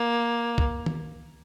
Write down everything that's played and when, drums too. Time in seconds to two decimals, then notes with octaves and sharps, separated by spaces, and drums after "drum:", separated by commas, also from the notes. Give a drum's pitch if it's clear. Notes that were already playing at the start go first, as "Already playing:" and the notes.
Already playing: A#3
0.58 drum: kick C2
0.86 drum: tom